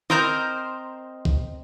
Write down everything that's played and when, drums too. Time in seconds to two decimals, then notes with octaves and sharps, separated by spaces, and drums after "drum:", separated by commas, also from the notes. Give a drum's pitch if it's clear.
0.10 C4 A#4 C5 D#5 A#5 G6, drum: snare
1.25 drum: kick C2